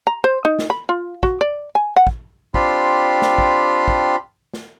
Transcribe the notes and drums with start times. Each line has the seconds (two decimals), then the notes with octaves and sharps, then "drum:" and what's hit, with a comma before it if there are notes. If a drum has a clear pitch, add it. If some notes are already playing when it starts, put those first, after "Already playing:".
0.07 A#5
0.24 C5
0.45 D#4
0.59 drum: snare
0.70 B5
0.89 F4
1.23 F#4, drum: kick
1.41 D5
1.75 G#5
1.96 F#5
2.07 drum: kick
2.54 C4 D4 F4 G4 B5 C6, drum: kick
3.22 drum: snare
3.38 drum: kick
3.88 drum: kick
4.54 drum: snare